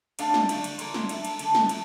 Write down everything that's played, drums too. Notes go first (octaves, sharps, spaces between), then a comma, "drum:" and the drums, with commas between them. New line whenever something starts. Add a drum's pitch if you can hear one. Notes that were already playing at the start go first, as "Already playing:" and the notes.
A3 D4 A4 D5 F5, drum: cymbal
drum: snare
D3 A3 E4 G4 D5, drum: cymbal
drum: cymbal
E3 A#3 F4 A4 D5, drum: cymbal
drum: snare
A#3 D4 A4 E5, drum: cymbal
drum: cymbal
D3 A3 D4 A4, drum: cymbal
drum: snare
E3, drum: cymbal